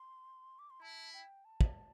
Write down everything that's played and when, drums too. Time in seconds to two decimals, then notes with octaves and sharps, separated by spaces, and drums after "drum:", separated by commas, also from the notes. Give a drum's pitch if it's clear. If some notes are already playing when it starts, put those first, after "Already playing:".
Already playing: C6
0.59 D6
0.70 C6
0.82 E4 A5
1.14 G5
1.45 A5
1.61 drum: kick